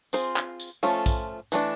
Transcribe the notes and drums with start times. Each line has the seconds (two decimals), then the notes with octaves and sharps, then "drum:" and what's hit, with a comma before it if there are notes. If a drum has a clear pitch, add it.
0.13 C4 F4 G#4 C5, drum: tambourine
0.36 drum: clap
0.60 drum: tambourine
0.83 F3 A3 C#4 F4 A4
1.06 drum: kick A#1, tambourine
1.52 E3 A3 D4, drum: tambourine